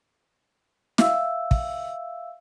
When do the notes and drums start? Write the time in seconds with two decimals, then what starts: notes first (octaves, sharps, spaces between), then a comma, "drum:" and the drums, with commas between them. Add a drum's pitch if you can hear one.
0.98 E5 F5 E6, drum: snare
1.51 drum: kick